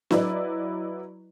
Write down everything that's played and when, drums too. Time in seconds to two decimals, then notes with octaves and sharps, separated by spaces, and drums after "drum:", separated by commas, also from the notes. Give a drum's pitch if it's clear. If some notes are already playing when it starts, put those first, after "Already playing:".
0.11 F#3 E4 B4 D5 D#5, drum: snare